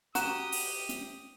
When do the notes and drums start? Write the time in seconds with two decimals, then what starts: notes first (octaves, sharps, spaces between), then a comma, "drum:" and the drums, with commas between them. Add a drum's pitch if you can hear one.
0.15 F#4 G4 A#5 D#6 F#6 E7, drum: hi-hat
0.52 drum: open hi-hat
0.89 drum: hi-hat